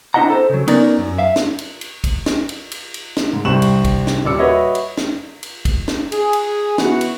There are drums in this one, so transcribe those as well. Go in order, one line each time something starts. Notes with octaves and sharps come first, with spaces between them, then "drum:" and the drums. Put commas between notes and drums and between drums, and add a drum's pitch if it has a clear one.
C4 D4 E4 D#5 F#5 A#5
A4 C5
C#3 F#3
B3 C#4 D#4 A#4 D5, drum: cymbal
F#2
E5 F5
drum: snare
drum: cymbal
drum: cymbal
drum: kick, cymbal
drum: snare
drum: cymbal
drum: cymbal
drum: cymbal
drum: snare
G#2
C2 G2 C4 C#6 E7 F#7
drum: cymbal
drum: kick, cymbal
drum: snare
D#1 G3 D5 D6 E6 C#7
F#4 B4 C#5 D#5 E5
drum: cymbal
drum: snare
drum: cymbal
drum: kick, cymbal
drum: snare
G#4, drum: cymbal
drum: cymbal
E3 B3 F#4, drum: snare
drum: cymbal